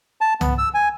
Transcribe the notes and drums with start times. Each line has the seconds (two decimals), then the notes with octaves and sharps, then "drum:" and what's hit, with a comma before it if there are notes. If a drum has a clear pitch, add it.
0.21 A5
0.41 B3, drum: tom C2
0.58 E6
0.74 G#5